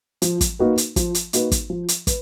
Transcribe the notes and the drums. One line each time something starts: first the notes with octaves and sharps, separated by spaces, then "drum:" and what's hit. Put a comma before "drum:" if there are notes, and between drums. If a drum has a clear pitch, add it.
F3, drum: hi-hat
drum: kick, hi-hat
A#3 D#4 F#4 B4
drum: hi-hat
F3, drum: kick, hi-hat
drum: hi-hat
A#3 D#4 F#4 B4, drum: hi-hat
drum: kick, hi-hat
F3
drum: hi-hat
B4, drum: kick, hi-hat